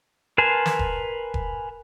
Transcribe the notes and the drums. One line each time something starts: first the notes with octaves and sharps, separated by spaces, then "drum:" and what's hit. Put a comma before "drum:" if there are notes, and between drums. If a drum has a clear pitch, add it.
A#4 B4 G#5 A5 C6
drum: snare
drum: kick E1
drum: kick E1